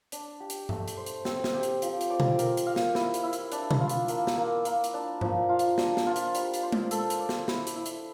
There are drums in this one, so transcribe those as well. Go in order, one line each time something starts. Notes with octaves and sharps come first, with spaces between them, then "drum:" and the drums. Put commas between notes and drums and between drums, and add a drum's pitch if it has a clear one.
D4, drum: hi-hat
G4
drum: hi-hat
A3, drum: tom G2
drum: hi-hat
C5
drum: hi-hat
C4, drum: snare
drum: snare
G4
drum: hi-hat
F3, drum: hi-hat
drum: hi-hat
D5
drum: tom B2
A#4, drum: hi-hat
drum: hi-hat
F5
drum: snare
E4, drum: snare
drum: hi-hat
E4
drum: hi-hat
D4, drum: hi-hat
drum: tom B2
F4
drum: hi-hat
A#3, drum: hi-hat
drum: snare
A#3
A#3, drum: hi-hat
drum: hi-hat
D4
F3, drum: tom G2
F4
drum: hi-hat
D4, drum: snare
drum: snare
F4
drum: hi-hat
G3, drum: hi-hat
drum: hi-hat
C5
drum: tom G#3
A4, drum: hi-hat
drum: hi-hat
D5
drum: snare
E4, drum: snare
drum: hi-hat
E4
drum: hi-hat